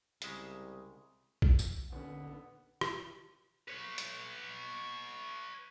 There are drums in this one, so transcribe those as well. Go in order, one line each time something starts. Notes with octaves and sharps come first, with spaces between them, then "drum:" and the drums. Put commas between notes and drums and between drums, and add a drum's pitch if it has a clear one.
C2 C#3 G#3 E5, drum: hi-hat
drum: kick A#1
drum: tambourine
A#1 D#2 D3 B3 C#4
drum: rim click
B4 C#5
drum: hi-hat